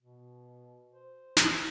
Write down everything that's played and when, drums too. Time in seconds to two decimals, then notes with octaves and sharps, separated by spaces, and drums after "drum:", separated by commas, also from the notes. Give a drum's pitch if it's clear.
0.03 B2
0.94 C5
1.37 drum: snare